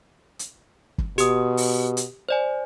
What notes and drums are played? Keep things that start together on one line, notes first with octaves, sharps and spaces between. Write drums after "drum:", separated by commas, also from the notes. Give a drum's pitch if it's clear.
drum: hi-hat
drum: kick
B2 G4 D#6, drum: hi-hat
drum: open hi-hat
drum: hi-hat
C5 D5 G#5